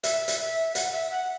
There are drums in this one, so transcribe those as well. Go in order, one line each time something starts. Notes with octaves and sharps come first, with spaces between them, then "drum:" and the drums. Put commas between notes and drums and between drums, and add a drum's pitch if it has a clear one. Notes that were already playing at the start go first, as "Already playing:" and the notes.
E5, drum: hi-hat
drum: hi-hat
E5
F#5, drum: hi-hat
E5
F#5